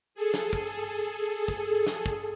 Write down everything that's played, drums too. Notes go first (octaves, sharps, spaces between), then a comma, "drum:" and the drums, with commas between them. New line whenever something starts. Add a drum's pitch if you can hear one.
G#4 A4
drum: snare
drum: kick
drum: kick
drum: snare
drum: kick